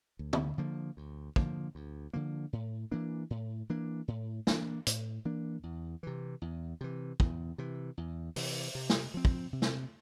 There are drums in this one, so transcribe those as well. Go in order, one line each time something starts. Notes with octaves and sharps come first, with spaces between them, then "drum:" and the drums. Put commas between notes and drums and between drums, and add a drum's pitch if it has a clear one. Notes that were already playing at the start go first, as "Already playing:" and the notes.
D2
drum: tom
D3 F3 A#3
D2
D3 F3 A#3, drum: kick
D2
D3 F3 A#3
A2
E3 A#3 D4
A2
E3 A#3 D4
A2
E3 A#3 D4, drum: snare
A2, drum: hi-hat
E3 A#3 D4
E2
C3 E3
E2
C3 E3
E2, drum: kick
C3 E3
E2
C3 E3, drum: open hi-hat
C3
drum: snare
F3 C4
drum: kick
C3
drum: snare